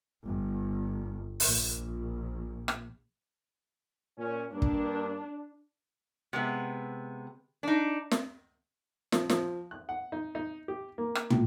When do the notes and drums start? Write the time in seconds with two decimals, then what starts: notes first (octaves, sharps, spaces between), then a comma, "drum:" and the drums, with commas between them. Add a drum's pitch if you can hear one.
0.25 G1
1.40 A#1, drum: open hi-hat
2.68 drum: rim click
4.18 A#2 C#4
4.52 G2 A#3 D4
4.62 drum: kick
6.33 C3 G#3 B3
7.63 D4 D#4
8.11 drum: snare
9.12 F3, drum: snare
9.29 F3, drum: snare
9.71 F#6
9.89 F#5
10.12 D#4
10.35 D#4
10.68 G4
10.98 A#3
11.15 drum: rim click
11.30 A2, drum: tom